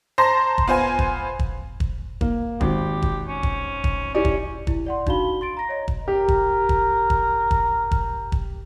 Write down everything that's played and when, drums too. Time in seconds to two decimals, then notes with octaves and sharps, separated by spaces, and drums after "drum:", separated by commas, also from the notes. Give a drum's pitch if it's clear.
0.18 C5 A5 A#5 C6 A#6
0.58 drum: kick
0.67 B3 F4 C5 G#5
0.99 drum: kick
1.39 drum: kick
1.80 drum: kick
2.21 A#3, drum: kick
2.61 G#1 G4, drum: kick
3.02 drum: kick
3.28 C#4
3.43 drum: kick
3.84 drum: kick
4.15 C#4 E4 G4 D5
4.25 drum: kick
4.67 E4, drum: kick
4.86 D5 F#5 C6
5.06 D4 D#4 F#4 F5 B5 G7, drum: kick
5.41 C6 A6 D7
5.57 A#5 A#6
5.69 C#5 D#5
5.88 drum: kick
6.08 G4 A#4
6.28 drum: kick
6.69 drum: kick
7.10 drum: kick
7.51 drum: kick
7.91 drum: kick
8.32 drum: kick